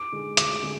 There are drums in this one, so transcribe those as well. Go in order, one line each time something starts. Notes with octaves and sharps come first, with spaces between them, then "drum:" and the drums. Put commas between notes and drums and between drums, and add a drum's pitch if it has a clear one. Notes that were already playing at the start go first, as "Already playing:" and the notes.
Already playing: D6
D3 G#3 D#4
D2 D6, drum: hi-hat
D3 G#3